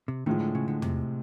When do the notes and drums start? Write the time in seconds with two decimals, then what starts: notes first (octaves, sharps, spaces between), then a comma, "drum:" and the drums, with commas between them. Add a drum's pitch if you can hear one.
0.08 C3
0.26 A2 D#3 F3 G#3
0.40 D3
0.55 C#3
0.68 D3
0.82 C3, drum: tom E2